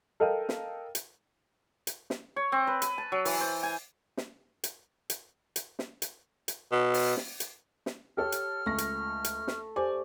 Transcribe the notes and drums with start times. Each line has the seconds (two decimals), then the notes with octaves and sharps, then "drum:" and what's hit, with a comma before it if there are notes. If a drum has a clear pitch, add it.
0.20 A4 A#4 D#5 F5 G5
0.49 drum: snare
0.95 drum: hi-hat
1.87 drum: hi-hat
2.10 drum: snare
2.36 C#5
2.52 C4
2.67 B4
2.82 B4, drum: hi-hat
2.98 A5
3.12 F#3
3.25 E3, drum: open hi-hat
3.41 C5
3.63 G#5
4.17 drum: snare
4.64 drum: hi-hat
5.10 drum: hi-hat
5.56 drum: hi-hat
5.79 drum: snare
6.02 drum: hi-hat
6.48 drum: hi-hat
6.72 B2
6.94 drum: open hi-hat
7.17 drum: snare
7.40 drum: hi-hat
7.86 drum: snare
8.17 G4 A4 C#5 F6
8.32 drum: hi-hat
8.66 C#2 A3 A#6
8.78 drum: hi-hat
9.24 drum: hi-hat
9.48 drum: snare
9.76 G4 C5 D5 G#5